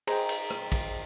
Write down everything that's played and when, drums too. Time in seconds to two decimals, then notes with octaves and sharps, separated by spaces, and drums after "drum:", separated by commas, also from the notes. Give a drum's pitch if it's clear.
0.07 G#4 C5 D#5 G5 A#5, drum: cymbal
0.29 drum: cymbal
0.50 drum: rim click
0.72 drum: kick, cymbal